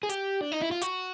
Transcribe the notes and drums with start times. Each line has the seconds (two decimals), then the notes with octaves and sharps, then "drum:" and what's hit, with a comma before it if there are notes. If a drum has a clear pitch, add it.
0.03 G#4
0.09 G4, drum: hi-hat
0.41 D4
0.52 D#4
0.62 E4
0.71 F4
0.81 F#4, drum: hi-hat